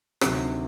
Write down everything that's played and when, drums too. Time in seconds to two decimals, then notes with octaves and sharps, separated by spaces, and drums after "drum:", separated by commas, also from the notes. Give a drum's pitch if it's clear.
0.21 D2 C3 D#3 F#3, drum: rim click